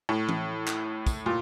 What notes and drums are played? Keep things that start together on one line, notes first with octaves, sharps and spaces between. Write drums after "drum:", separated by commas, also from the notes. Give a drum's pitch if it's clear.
A2
drum: tom E3
drum: clap
drum: kick, tambourine
A#2